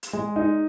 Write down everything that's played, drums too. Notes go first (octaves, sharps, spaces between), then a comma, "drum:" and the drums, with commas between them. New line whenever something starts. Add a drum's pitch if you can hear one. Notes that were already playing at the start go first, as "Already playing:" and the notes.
drum: hi-hat
G#3
D#4